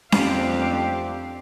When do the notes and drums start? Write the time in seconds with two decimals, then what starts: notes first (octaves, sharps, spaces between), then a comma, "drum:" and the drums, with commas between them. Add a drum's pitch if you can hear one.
0.12 F2 A3 C4 D4 G4 F5, drum: snare C#4